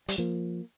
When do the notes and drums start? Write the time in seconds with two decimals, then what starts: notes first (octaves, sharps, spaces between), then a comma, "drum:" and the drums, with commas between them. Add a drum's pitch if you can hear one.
0.08 G3, drum: hi-hat
0.18 F3 A#3